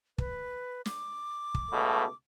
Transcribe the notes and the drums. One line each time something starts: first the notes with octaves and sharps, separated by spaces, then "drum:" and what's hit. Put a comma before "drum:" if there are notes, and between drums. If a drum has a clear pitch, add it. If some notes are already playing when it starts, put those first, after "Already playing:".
B4, drum: kick
D6, drum: snare
drum: kick
C#2 B2 A3